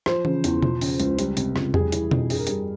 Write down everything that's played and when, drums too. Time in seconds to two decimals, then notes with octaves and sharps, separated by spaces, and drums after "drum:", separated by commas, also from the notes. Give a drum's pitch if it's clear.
0.06 F3 C5, drum: rim click
0.25 C#3, drum: tom E3
0.44 E2, drum: hi-hat
0.62 F3, drum: tom B2
0.81 C#3, drum: open hi-hat
1.00 C#2, drum: hi-hat
1.19 G3, drum: hi-hat
1.37 C3, drum: hi-hat
1.56 C#2, drum: rim click
1.74 G3 G#4, drum: tom E2
1.92 E3, drum: hi-hat
2.11 F2, drum: tom B2
2.30 G2 G#4, drum: open hi-hat
2.38 A#4
2.47 G3 G#4, drum: hi-hat